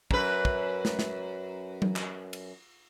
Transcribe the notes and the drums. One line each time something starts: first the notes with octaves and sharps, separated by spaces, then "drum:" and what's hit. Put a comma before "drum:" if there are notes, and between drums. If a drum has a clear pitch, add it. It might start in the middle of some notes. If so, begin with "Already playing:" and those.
F#2 B4, drum: kick
drum: kick
drum: snare
drum: snare
drum: tom F#3
drum: clap
drum: cymbal